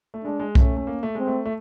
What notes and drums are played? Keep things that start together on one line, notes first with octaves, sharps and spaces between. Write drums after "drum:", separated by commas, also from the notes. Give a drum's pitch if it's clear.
A3
G#3 D4
G#3
A3 C#4, drum: kick B1
A3
A#3
A3
G#3 C4
A3
A3